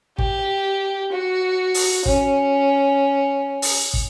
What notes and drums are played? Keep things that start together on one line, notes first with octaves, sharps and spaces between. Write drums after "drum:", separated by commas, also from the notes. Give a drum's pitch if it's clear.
G4, drum: kick
F#4
drum: open hi-hat
C#4, drum: kick
drum: open hi-hat
drum: kick